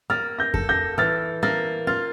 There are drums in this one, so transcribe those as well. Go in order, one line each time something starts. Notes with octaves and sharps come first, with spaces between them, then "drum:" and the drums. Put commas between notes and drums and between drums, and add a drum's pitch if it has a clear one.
A#3 F6 A6
G6 A#6
A4, drum: kick F2
G6 A#6
E3 F6 A6
A#3 F6 A6
F4 F6 A6